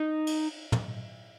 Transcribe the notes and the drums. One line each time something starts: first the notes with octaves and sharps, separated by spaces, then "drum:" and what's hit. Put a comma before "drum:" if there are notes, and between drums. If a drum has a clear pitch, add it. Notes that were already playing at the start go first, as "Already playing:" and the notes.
Already playing: D#4
drum: cymbal
drum: tom